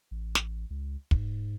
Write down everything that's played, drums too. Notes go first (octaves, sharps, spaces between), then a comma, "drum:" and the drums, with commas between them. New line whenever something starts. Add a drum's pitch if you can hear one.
A1
drum: snare
C#2
G#2, drum: kick